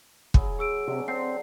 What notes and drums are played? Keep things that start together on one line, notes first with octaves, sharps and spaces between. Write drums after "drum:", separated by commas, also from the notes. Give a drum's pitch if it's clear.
F#3 E4 G#4, drum: kick
G#4 A#4 E6 D7
C3 F#3 C#4 D4
D3 C4 C7